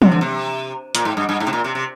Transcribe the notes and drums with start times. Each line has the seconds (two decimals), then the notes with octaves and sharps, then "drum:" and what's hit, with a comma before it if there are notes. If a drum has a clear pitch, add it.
0.02 C3, drum: tom
0.12 D3
0.21 C3
0.95 A#2, drum: hi-hat
1.05 G#2
1.17 G2
1.29 G2
1.40 G#2
1.47 C3
1.53 A#2
1.64 C3
1.75 C3